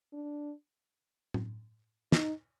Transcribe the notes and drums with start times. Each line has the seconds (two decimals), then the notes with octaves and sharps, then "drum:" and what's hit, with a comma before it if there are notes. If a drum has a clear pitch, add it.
0.13 D4
1.34 drum: tom A2
2.12 D#4, drum: snare